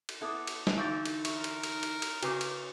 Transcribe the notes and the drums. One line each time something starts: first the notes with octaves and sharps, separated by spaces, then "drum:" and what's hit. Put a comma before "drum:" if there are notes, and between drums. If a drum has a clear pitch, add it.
drum: cymbal
B3 E4 A4 D6 D#6 F#6
drum: cymbal
drum: snare
D3 E3 D#4 F#4 C#6 G6 A6
drum: cymbal
A#4 E5 C#6, drum: cymbal
drum: cymbal
drum: cymbal
drum: cymbal
drum: cymbal
C#3 C#4 F#4 B4 D6, drum: cymbal
drum: cymbal